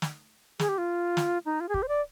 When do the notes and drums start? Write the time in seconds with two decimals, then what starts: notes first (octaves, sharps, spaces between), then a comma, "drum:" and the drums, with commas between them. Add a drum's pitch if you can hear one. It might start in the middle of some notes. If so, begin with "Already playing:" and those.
0.02 drum: snare
0.59 G#4, drum: snare
0.69 G4
0.78 F4
1.17 drum: snare
1.45 D#4
1.60 F4
1.69 G#4
1.74 G4, drum: kick
1.83 C5
1.88 D5